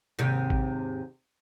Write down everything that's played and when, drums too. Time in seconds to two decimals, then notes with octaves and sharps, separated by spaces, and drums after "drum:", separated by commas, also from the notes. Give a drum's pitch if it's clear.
0.19 D#2 G#2 C3
0.50 drum: kick A1